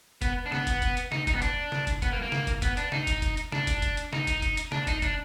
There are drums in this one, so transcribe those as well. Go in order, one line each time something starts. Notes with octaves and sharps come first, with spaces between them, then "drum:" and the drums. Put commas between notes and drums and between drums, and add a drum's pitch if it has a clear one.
B3, drum: kick, hi-hat
D4
B3, drum: snare
drum: kick, hi-hat
drum: kick, hi-hat
drum: hi-hat
D#4, drum: snare
D#4, drum: kick, hi-hat
B3
D4, drum: kick, hi-hat
drum: snare
drum: kick, hi-hat
B3, drum: kick, hi-hat
A#3
A#3
drum: snare
drum: kick, hi-hat
B3, drum: kick, hi-hat
D4, drum: hi-hat
D#4, drum: snare
drum: kick, hi-hat
drum: kick, hi-hat
drum: hi-hat
D4, drum: snare
drum: kick, hi-hat
drum: kick, hi-hat
drum: hi-hat
D#4, drum: snare
drum: kick, hi-hat
drum: kick, hi-hat
drum: hi-hat
D4, drum: snare
D#4, drum: kick, hi-hat
D4, drum: kick, hi-hat